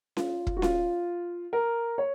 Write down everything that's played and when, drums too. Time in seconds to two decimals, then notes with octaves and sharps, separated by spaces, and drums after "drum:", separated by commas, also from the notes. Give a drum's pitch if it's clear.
0.17 F4, drum: snare C#4
0.47 drum: kick
0.57 F#4
0.62 F4, drum: snare C#4
1.53 A#4
1.98 C#5